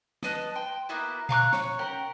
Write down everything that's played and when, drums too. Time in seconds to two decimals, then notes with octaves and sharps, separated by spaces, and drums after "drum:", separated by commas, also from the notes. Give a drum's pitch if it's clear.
0.23 B4 D#5 A5 D#6, drum: snare
0.55 G5 C6
0.89 A#3 B3 E4 F#4
1.29 F5 A#5 C#6 F#6, drum: tom A#2
1.53 C#5, drum: snare
1.79 C#4 G4 A#4 F#5